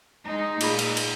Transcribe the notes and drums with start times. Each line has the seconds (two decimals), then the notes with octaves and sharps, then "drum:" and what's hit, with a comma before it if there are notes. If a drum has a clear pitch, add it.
0.24 G#3 D#4
0.61 A#2 F4 G#4 B5, drum: cymbal
0.79 drum: cymbal
0.97 drum: cymbal